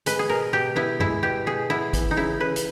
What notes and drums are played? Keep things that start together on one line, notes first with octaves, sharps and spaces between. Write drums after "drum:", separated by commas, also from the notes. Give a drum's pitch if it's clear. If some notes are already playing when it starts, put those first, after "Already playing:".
G#3 B4, drum: hi-hat
G#4
B2 A#4
B2 G4
B3 E4
G#3 E4, drum: tom G2
B2 G4
B2 G#4
B3 E4
E3, drum: kick, hi-hat
D#4
C#3 E4
C#3 B4
drum: hi-hat